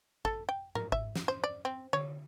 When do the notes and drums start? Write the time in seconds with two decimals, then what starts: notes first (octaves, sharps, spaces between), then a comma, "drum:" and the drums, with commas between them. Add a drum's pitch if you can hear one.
0.25 A4, drum: kick G#1
0.49 G5
0.75 A#4, drum: tom G#2
0.92 E5, drum: kick G#1
1.16 drum: snare
1.28 C5
1.44 D5
1.65 C4
1.93 C#5, drum: tom D3